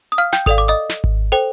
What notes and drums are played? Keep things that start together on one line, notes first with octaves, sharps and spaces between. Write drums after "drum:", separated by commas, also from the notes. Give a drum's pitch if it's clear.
D#6
F5 F6
G5 G6, drum: snare
A4 D5 F5 D#6, drum: kick G#1
D6
D#5 D#6
drum: snare
drum: kick G#1
A4 C5 G5